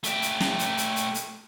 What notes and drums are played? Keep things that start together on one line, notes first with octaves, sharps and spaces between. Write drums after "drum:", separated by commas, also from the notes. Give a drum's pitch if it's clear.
A3 G4, drum: hi-hat
drum: hi-hat
drum: snare
drum: hi-hat
drum: hi-hat
drum: hi-hat
drum: hi-hat